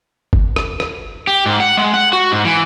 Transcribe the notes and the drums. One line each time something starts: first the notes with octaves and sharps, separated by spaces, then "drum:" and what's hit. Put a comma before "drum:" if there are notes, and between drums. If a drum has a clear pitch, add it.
drum: kick G1
drum: rim click
drum: rim click
G4
G#2
F#5
G#3
F#5
F#4
G#2
E3